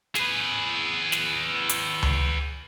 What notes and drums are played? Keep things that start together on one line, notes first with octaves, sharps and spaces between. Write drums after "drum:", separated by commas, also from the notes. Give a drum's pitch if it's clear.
G#4 B4, drum: snare
drum: snare
drum: hi-hat
drum: tom C#2